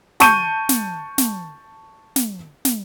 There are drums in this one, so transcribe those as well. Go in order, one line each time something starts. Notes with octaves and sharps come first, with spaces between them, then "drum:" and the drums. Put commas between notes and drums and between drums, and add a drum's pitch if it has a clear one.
A5 C#6 G6 D#7, drum: snare
drum: snare
drum: snare
drum: snare
drum: snare